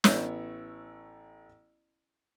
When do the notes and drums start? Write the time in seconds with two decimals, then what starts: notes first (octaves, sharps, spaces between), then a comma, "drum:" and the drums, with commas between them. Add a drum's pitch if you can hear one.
0.04 A1 B3 E4 C#5 E6, drum: snare